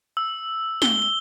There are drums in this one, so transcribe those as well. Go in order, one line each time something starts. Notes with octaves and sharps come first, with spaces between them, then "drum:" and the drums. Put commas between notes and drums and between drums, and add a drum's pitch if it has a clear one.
E6
G7, drum: snare
G7